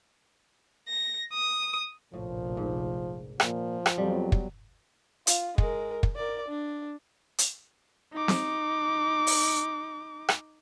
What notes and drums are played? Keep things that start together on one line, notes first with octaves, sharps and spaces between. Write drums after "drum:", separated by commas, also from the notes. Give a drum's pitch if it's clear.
A#6
D#6
F1 A#1 A2 F3
G#2
A#2 F3, drum: rim click
drum: rim click
F2 F#3 G3 B3
drum: kick
F4, drum: hi-hat
G#3 A#4, drum: kick
drum: kick
A#4 D5
D4
drum: hi-hat
D#4 D6
drum: snare C4
drum: open hi-hat
drum: rim click